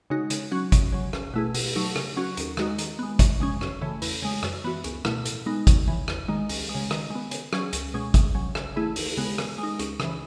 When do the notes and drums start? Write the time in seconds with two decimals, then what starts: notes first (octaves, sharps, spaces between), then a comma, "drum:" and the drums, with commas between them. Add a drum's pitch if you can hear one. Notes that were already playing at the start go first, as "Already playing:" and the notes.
0.10 C#3 G#3 D#4 F#4
0.30 C#3, drum: hi-hat
0.51 F#3 C#4 F#4
0.72 F#2, drum: kick G#1, hi-hat
0.92 C#3 F#3
1.13 C#2, drum: rim click
1.34 B2 A3 E4 G#4
1.54 B2, drum: open hi-hat
1.76 F#3 A3 D#4
1.96 C#3, drum: rim click
2.16 F#3 C#4 F#4
2.37 D#2, drum: hi-hat
2.57 D#3 G#3 D#4 F#4, drum: rim click
2.78 D#3, drum: hi-hat
2.99 G#3 B3
3.19 F#2, drum: kick G#1, hi-hat
3.40 C#3 G#3 C#4
3.61 F#2, drum: rim click
3.81 C#3 E3 A3
4.02 E2, drum: open hi-hat
4.22 C#3 G#3
4.43 F#2, drum: rim click
4.64 E3 B3 F#4
4.84 C#2, drum: hi-hat
5.05 B2 A3 E4, drum: rim click
5.25 A2, drum: hi-hat
5.46 G#3 B3 D#4
5.67 F#2, drum: kick G#1, hi-hat
5.88 C#3 E3
6.08 E2, drum: rim click
6.28 D#3 G#3 D#4
6.49 C#2, drum: open hi-hat
6.69 G#3
6.75 C#3
6.91 D#3, drum: rim click
7.10 G#3 B3
7.31 C#3, drum: hi-hat
7.53 F#3 C#4 G#4, drum: rim click
7.73 C#2, drum: hi-hat
7.94 B2 G#3 C#4
8.14 C#2, drum: kick G#1, hi-hat
8.35 C#3 F#3
8.55 C#3, drum: rim click
8.76 E3 A3 E4 G#4
8.96 D#2, drum: open hi-hat
9.17 C#3 G#3 B3
9.38 C#3, drum: rim click
9.58 G#3 D#4
9.79 C#2, drum: hi-hat
10.00 C#3 E3, drum: rim click